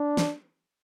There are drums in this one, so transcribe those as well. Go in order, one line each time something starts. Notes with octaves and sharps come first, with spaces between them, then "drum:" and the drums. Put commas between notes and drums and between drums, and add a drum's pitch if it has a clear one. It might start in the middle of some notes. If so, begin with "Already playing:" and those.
Already playing: D4
drum: snare